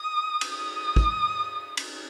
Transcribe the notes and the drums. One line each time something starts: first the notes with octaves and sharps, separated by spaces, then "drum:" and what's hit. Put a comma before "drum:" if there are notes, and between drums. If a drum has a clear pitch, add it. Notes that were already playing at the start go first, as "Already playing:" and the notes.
Already playing: D#6
drum: cymbal
D#6
drum: kick
drum: cymbal